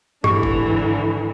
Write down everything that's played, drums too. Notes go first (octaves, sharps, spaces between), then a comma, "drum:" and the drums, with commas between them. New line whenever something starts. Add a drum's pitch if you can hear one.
G#2 D3 E3 G4 C#6, drum: tom G2
drum: kick